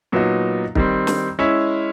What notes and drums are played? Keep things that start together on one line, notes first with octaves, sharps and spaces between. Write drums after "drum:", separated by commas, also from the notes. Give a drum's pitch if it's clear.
A#2 F#3 B3 D#4
D#3 G3 C4, drum: kick
drum: snare
G#3 C#4 E4